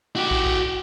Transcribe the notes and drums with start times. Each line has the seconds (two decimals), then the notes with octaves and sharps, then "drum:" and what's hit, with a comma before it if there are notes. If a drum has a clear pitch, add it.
0.16 F#4 G4
0.31 drum: kick
0.46 drum: kick